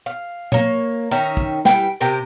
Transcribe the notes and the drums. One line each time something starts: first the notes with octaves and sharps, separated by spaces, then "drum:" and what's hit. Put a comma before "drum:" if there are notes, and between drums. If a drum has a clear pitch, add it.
F5
A#3 C#5, drum: tom A#2
D#3 C#4 E5 A#5
drum: kick
E3 G3 G5, drum: snare
C3 G4 A#4